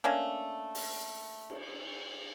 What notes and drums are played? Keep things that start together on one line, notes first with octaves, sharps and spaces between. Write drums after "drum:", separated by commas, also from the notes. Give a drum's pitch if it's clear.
A3 A#3 C#4 D4
drum: open hi-hat
drum: cymbal